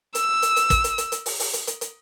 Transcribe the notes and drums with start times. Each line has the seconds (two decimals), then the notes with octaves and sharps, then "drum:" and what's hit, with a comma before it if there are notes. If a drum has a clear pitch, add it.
0.15 E6, drum: hi-hat
0.42 drum: hi-hat
0.56 drum: hi-hat
0.70 drum: kick, hi-hat
0.84 drum: hi-hat
0.98 drum: hi-hat
1.12 drum: hi-hat
1.26 drum: open hi-hat
1.40 drum: open hi-hat
1.53 drum: hi-hat
1.67 drum: hi-hat
1.81 drum: hi-hat